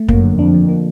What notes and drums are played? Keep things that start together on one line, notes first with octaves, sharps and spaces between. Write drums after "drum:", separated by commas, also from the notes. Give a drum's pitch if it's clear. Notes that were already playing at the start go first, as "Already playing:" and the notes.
Already playing: A3
F#2 A#3, drum: kick
D3
F2 D4
F3
A#3